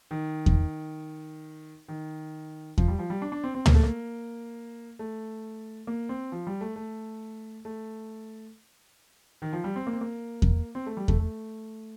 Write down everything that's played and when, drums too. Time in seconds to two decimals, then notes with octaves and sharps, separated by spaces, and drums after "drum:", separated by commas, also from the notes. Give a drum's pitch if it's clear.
0.11 D#3
0.46 drum: kick E2
1.88 D#3
2.78 F3, drum: kick E2
2.88 G3
2.99 F3
3.10 G3
3.22 D4
3.32 D4
3.44 C4
3.55 C4
3.66 A#3, drum: tom
3.75 A3
3.83 A#3
4.99 A3
5.87 A#3
6.09 C4
6.32 F3
6.47 G3
6.61 A3
6.76 A3
7.65 A3
9.42 D#3
9.53 F3
9.64 G3
9.76 C4
9.87 A#3
9.93 C4
10.01 A#3
10.42 drum: kick E2
10.75 C4
10.86 A3
10.97 G3
11.08 A3, drum: kick E2
11.19 A3